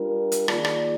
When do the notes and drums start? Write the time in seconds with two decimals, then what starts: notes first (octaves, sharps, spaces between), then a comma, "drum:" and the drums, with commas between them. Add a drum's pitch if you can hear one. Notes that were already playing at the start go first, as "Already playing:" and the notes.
Already playing: G3 D4 F4 A#4
0.32 drum: hi-hat
0.48 D#3 A#3 F4 G#4 D5, drum: rim click
0.65 drum: rim click